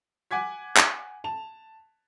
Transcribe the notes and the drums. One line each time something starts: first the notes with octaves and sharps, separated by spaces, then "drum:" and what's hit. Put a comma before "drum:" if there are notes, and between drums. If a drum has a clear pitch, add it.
F#5 G#5 D6 G#6 B6
drum: clap
A5 F7